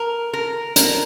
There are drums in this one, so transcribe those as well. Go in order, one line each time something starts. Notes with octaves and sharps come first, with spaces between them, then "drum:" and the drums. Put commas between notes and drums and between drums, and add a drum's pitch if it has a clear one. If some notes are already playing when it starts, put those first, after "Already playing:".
Already playing: A#4
A#4
A#4, drum: hi-hat